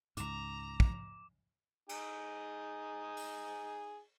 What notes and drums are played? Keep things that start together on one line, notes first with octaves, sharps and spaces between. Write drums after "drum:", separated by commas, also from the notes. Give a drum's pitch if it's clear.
C#2 G#2 A#5 D6 E7, drum: hi-hat
drum: kick
D#4 G#4, drum: cymbal
drum: open hi-hat